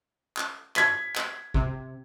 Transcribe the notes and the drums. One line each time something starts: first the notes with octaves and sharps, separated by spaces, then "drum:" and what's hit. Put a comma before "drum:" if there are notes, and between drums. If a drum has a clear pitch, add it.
drum: clap
G#6 B6, drum: clap
drum: clap
C3, drum: kick G#1